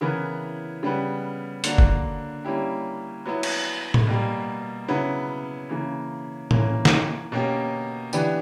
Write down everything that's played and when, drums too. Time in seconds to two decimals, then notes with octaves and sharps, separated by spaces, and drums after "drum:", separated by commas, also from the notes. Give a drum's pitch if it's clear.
0.01 C#3 E3 B3 E4 A#4
0.83 C#3 G3 B3
1.64 D3 A#3 D4 F#4, drum: hi-hat
1.78 drum: kick
2.45 G3 A#3 C#4 E4 G4
3.26 F#3 B3 E4
3.43 drum: cymbal
3.94 drum: tom A2
4.07 B2 G3 A#3
4.88 C#3 F#3 B3 E4
5.69 C#3 E3 A#3
6.51 E3 A#3 C#4, drum: tom A2
6.85 drum: snare
7.32 B2 A#3 C#4 G4
8.13 E3 B3 D4 G4, drum: tambourine